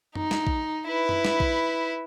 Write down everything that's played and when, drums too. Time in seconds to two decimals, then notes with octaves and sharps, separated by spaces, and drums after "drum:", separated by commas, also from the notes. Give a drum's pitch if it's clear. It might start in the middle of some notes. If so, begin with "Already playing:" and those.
0.15 D#4, drum: tom F#2
0.31 drum: snare
0.47 drum: kick A#1
0.88 E4 B4
1.09 drum: tom F#2
1.25 drum: snare
1.40 drum: kick A#1